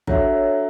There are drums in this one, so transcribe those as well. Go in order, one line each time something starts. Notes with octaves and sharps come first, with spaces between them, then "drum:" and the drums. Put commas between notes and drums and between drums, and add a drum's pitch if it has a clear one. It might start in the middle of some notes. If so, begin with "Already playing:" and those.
F#3 D4 A4 C#5 E5, drum: kick